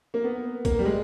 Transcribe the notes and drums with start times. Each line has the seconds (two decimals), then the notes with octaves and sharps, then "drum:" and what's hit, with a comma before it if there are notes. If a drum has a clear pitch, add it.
0.14 A#3
0.24 B3
0.65 A#3, drum: kick, hi-hat
0.79 G3
0.86 G#3